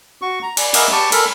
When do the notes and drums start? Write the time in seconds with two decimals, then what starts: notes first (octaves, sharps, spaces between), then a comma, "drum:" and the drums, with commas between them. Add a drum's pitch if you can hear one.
0.22 F#4 C#6
0.43 A#5
0.57 D5, drum: cymbal
0.74 A#4 D#5 E5 F#5 D6 D#6, drum: cymbal
0.92 G4 A5 C#6
1.12 A4 A#4 B5, drum: cymbal